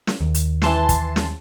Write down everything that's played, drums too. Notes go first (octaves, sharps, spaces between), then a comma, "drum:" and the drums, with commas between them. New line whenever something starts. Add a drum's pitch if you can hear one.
drum: snare
D#2
drum: hi-hat
E3 A5 C6, drum: snare
drum: kick, hi-hat
drum: snare